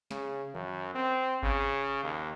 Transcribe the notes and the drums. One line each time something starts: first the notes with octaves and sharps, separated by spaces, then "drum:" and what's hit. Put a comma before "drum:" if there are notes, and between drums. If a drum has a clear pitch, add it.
C#3, drum: snare
F#2, drum: tom D#3
C4
C#3, drum: kick G#1
D#2